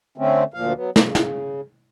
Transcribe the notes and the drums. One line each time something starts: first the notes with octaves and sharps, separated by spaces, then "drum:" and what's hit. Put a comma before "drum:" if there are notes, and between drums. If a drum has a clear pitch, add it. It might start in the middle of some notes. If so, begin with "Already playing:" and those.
D3 A3 C4 C#4
D2 A#2 F3 F5
F#3 B3
C#3, drum: snare
drum: snare